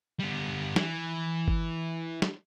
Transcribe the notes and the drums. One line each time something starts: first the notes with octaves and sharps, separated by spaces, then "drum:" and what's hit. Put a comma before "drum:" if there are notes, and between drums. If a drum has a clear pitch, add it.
G3 B3
E3, drum: snare
drum: kick G1
drum: snare